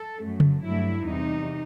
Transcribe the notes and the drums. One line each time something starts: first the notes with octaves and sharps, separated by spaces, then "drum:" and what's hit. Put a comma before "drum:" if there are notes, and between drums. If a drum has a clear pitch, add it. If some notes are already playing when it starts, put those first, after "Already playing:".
Already playing: A4
F#2 F#3 A3
drum: tom C#3
G2 F#3 A3 E4
E2 C3 E3 G3 D#4